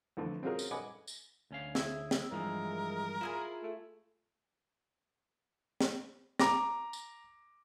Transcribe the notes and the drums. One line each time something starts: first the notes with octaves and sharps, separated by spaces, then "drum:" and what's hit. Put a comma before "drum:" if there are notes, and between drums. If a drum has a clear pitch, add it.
F2 D3 E3 A3
C4 C#4 F4 F#4 G#4 A#4
drum: tambourine
D#5 F#5 G#5 B5 D6
drum: tambourine
D2 C#4 F5
E4 G#4 E5, drum: snare
drum: snare
G2 E3 F3 G#3 A#4
E4 F4 G#4 G#5
A3
drum: snare
A#5 D6 A#6, drum: snare
drum: tambourine